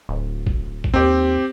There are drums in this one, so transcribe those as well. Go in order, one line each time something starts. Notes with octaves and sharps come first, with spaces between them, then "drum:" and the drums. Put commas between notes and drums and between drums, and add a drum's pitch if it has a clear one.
D1
drum: kick
drum: kick
D#2 C4 G4